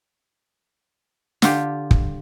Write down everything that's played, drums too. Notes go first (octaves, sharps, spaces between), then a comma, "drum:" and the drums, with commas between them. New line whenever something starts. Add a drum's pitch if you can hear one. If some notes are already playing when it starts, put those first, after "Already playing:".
D3 F4 G4, drum: snare
drum: kick